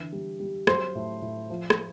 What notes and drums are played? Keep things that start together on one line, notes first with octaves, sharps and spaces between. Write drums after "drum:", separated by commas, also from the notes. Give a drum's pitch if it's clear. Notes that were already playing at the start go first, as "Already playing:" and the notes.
Already playing: D3 E3
G3
G3
F#3 C5 C6, drum: rim click
A2
A2
F3
drum: rim click